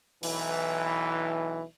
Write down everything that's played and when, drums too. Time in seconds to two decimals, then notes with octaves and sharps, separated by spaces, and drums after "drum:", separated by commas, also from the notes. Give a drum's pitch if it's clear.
0.23 B1 E3, drum: open hi-hat